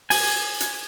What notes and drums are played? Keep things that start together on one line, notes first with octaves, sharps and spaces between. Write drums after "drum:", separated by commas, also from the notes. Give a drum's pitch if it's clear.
G#5, drum: open hi-hat
drum: hi-hat